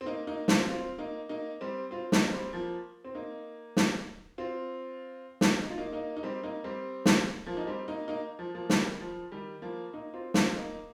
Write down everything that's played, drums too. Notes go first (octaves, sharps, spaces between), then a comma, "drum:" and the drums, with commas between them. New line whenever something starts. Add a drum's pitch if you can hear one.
C4
A#3 D#4
A#3 D#4
C4 F4, drum: snare
C4 F4
A#3 D#4
A#3 D#4
G3 C4
C4 F4
A#3 D#4, drum: snare
G3 C4
F3 A#3
C4
A#3 D#4
drum: snare
C4 F4
drum: snare
D#4
F4
A#3 D#4
A#3 D#4
D#4
G3 C4
A#3 D#4
G3 C4
drum: snare
F3 A#3
D#4
G3 C4
A#3 D#4
A#3 D#4
F3
F3 A#3
D#3 G3, drum: snare
F3
D#3 G3
F3 A#3
A#3 D#4
C4 F4
C4 F4, drum: snare
A#3 D#4